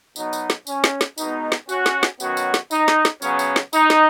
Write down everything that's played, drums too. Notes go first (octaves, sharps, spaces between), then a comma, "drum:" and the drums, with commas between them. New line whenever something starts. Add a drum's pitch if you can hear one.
B2 F#3 B3 D#4, drum: tambourine
drum: tambourine
drum: snare
C#4, drum: tambourine
drum: snare
drum: snare
B2 G#3 B3 D#4, drum: tambourine
drum: snare
C#4 F#4, drum: tambourine
drum: snare
drum: snare
D#3 F#3 B3 C#4 F#4, drum: tambourine
drum: tambourine
drum: snare
D#4, drum: tambourine
drum: snare
drum: snare
C#3 F#3 B3 C#4, drum: tambourine
drum: tambourine
drum: snare
D#4, drum: tambourine
drum: snare